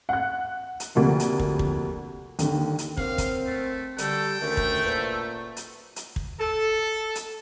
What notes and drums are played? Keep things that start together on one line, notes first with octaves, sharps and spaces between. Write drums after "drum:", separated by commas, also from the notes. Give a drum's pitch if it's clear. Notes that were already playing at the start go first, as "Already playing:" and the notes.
F#5 F#6
drum: hi-hat
D2 C3 F3 A#3
drum: hi-hat
drum: kick
drum: kick
D#2 D3, drum: hi-hat
drum: hi-hat
A#3 C4 C#5 F5 F#5, drum: kick
drum: kick, hi-hat
A3
D3 G3 F#4 A4 G5, drum: hi-hat
D2 D#3 A3 C#4
drum: kick
A#2 B4 C5 F#5
drum: hi-hat
drum: hi-hat
drum: kick
A4
drum: hi-hat